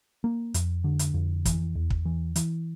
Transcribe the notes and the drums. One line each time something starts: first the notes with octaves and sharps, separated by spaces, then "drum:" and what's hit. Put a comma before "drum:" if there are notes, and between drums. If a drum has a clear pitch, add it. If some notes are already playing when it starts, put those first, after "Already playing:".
A#3
F2, drum: hi-hat
D3
drum: hi-hat
F2
E3, drum: kick, hi-hat
E2
drum: kick
E3
E3, drum: hi-hat